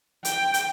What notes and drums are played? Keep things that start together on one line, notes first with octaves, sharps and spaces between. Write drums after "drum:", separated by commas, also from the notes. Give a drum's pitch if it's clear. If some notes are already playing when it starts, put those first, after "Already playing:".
G5, drum: hi-hat
drum: hi-hat